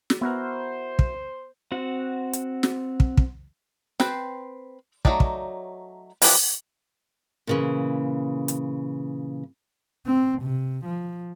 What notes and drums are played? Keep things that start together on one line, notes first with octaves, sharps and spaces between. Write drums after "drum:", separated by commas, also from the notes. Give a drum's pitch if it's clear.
drum: snare
B3 E4 F#4 A#4 C5
drum: kick
C4 F#4 F#5
drum: hi-hat
drum: snare
drum: kick
drum: kick
C4 B4 C5, drum: snare
F#3 A3 D#4 D5, drum: kick
drum: kick
E3 F3 D4 G4 B4, drum: open hi-hat
A#2 C#3 E3
drum: hi-hat
C4
C3
F3